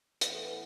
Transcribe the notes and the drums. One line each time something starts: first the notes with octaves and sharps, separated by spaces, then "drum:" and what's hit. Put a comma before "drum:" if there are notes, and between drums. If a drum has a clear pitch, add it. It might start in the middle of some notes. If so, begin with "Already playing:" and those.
A2 E3 B3 B4, drum: hi-hat
A4
B4